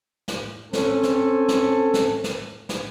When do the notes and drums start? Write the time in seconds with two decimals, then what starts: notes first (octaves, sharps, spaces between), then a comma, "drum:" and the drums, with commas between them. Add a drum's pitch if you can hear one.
0.28 drum: snare
0.73 C4 C#4 A4, drum: snare
1.03 drum: snare
1.48 drum: snare
1.94 drum: snare
2.24 drum: snare
2.69 drum: snare